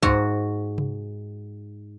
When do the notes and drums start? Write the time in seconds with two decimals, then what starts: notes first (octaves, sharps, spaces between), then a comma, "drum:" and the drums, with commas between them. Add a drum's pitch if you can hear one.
0.03 G#2 F#4, drum: kick
0.78 drum: tom C3